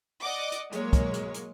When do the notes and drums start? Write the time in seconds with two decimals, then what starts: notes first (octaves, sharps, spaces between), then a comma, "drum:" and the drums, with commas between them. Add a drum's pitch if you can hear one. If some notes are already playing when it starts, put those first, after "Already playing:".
0.23 D5 D#5 F#5 D6
0.52 drum: hi-hat
0.72 F#3 G#3 A#3 C#5, drum: hi-hat
0.93 drum: kick, hi-hat
1.13 drum: hi-hat
1.34 drum: hi-hat